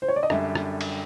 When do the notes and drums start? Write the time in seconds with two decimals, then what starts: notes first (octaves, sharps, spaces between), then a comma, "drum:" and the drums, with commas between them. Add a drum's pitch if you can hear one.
0.02 C5
0.08 C#5
0.16 D5
0.23 D#5
0.30 F#2 D3 G3 E5, drum: rim click
0.55 drum: rim click
0.81 drum: cymbal